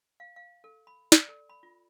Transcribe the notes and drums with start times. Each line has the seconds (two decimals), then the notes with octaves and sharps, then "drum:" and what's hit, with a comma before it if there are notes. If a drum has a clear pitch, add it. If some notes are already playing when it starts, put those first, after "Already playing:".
0.20 F5
0.36 F5
0.64 A4
0.87 B5
1.12 D5, drum: snare
1.29 A4
1.49 B5
1.63 F4